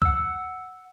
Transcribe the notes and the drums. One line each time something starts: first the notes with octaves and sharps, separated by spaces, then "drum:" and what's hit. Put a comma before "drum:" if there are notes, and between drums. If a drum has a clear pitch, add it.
F#5 E6, drum: kick D2